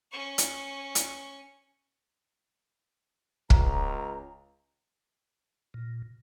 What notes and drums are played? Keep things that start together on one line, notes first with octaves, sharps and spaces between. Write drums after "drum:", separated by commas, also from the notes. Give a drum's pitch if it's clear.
C#4 C#6
drum: hi-hat
drum: hi-hat
C#2 A#5, drum: kick
A#2